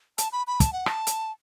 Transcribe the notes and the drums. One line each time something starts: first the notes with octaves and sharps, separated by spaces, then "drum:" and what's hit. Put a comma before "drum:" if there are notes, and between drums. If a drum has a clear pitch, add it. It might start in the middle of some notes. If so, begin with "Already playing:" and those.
A5, drum: hi-hat
B5
B5
A5, drum: kick, hi-hat
F#5
A5, drum: rim click
drum: hi-hat